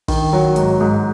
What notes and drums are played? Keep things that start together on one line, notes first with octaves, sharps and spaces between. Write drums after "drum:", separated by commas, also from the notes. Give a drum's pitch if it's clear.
D#3, drum: kick, open hi-hat
F#3
G#2, drum: hi-hat
G#2